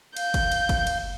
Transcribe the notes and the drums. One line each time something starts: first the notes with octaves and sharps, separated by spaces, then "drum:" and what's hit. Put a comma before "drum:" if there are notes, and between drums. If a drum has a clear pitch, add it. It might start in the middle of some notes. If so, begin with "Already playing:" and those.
F5 G6, drum: cymbal
drum: kick, cymbal
drum: cymbal
drum: kick, cymbal
drum: cymbal